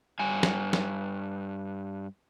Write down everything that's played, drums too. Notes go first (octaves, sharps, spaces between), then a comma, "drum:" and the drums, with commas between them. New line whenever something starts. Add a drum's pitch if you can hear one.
G2 G#5
drum: snare
drum: snare